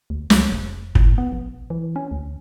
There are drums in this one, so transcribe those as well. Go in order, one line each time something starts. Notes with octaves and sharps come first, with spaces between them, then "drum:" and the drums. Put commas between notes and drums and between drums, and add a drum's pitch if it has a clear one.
D2
C#2, drum: snare
F1
A2, drum: kick
B3
A#1
E3
C#4
D2